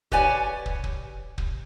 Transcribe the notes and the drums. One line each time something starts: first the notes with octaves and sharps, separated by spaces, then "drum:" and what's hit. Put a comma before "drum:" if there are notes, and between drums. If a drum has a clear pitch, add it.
G4 B4 C#5 D5 G#5, drum: kick
drum: kick
drum: kick
drum: kick